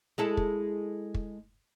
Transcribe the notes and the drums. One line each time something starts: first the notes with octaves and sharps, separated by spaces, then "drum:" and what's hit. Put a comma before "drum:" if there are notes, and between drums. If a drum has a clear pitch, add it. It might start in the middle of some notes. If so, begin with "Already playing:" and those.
G#3 E4 A4
drum: kick
drum: kick